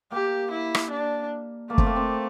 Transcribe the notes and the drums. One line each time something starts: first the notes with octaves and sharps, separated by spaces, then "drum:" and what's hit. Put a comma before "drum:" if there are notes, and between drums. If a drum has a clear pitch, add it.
A#3 G4
E4
drum: rim click
D4
A3 A#3
C4, drum: kick
A#3
C4